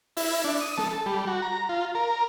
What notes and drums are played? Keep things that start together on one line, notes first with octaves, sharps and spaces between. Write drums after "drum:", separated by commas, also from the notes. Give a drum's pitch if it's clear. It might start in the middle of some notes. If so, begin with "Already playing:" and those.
E4, drum: open hi-hat
D4
D#6
A4, drum: snare
A4
G3
F#4
A#5
F4
A#4